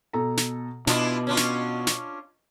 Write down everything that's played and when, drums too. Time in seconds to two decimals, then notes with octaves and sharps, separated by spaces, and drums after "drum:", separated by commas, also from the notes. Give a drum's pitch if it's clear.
0.13 B2 A4 A#5
0.37 drum: snare
0.87 B2 D4 E4 F4 D#5, drum: snare
1.27 C#4 D4 F4
1.37 drum: snare
1.87 drum: snare